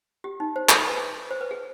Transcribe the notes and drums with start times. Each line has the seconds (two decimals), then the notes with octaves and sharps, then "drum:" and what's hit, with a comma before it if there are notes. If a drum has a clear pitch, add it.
0.24 G4
0.40 D#4
0.56 C5
0.69 drum: clap
0.88 B4
1.31 C5
1.41 B4
1.51 G#4